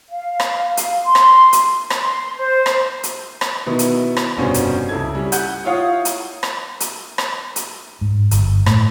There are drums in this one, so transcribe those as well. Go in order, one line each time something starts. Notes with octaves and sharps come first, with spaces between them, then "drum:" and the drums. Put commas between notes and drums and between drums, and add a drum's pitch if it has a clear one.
F5
drum: rim click
F5
drum: hi-hat
C6
drum: rim click
drum: hi-hat
drum: rim click
C6
C5
drum: rim click
drum: hi-hat
drum: rim click
B2 D#3 B3 E4
drum: hi-hat
drum: rim click
F1 G2 B2 C#4 C5
drum: hi-hat
C#2 E4 A4 G#6
G3 C#4
F#5 F#6 G6, drum: hi-hat
E4 F4 C#5 F5 F#5 D#6
drum: hi-hat
drum: rim click
drum: hi-hat
drum: rim click
drum: hi-hat
G#2
G1, drum: hi-hat
A2, drum: rim click